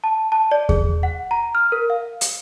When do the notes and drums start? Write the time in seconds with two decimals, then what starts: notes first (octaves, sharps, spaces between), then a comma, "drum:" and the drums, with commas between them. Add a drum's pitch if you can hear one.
0.04 A5
0.32 A5
0.51 D5
0.69 G#4, drum: kick E2
1.03 F#5
1.31 A#5
1.55 F6
1.72 A#4
1.90 F5
2.21 drum: hi-hat